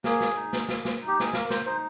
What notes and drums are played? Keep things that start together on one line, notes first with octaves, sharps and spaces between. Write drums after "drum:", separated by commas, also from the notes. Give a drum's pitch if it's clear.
A#3 G#4, drum: snare
drum: snare
D#4
drum: snare
A#3, drum: snare
drum: snare
D#4
G4
G#4, drum: snare
A#3 A#4, drum: snare
C5, drum: snare
D#4 C5